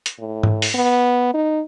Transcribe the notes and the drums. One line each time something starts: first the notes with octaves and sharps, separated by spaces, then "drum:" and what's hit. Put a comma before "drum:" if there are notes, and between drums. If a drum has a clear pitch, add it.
drum: hi-hat
A2
drum: tom G#2
drum: open hi-hat
B3
D#4